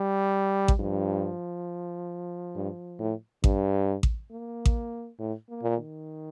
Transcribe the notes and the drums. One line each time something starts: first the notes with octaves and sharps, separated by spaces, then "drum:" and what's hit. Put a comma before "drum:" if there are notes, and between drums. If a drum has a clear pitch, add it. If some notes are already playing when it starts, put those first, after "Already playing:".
Already playing: G3
drum: kick A1
G2 F3
G2
A2
G2, drum: kick A1
drum: kick A1
A#3
drum: kick A1
A2
A#3
A#2
D#3